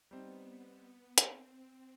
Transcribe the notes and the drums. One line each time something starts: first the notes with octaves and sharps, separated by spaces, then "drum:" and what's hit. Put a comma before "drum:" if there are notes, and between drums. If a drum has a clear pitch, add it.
G3 B3 C4 D#4
C4, drum: hi-hat